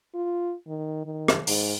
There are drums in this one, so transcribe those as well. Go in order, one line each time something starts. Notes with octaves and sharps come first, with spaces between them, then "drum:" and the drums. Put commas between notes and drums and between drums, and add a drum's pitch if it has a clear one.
F4
D#3
D#3
drum: rim click
G#2, drum: open hi-hat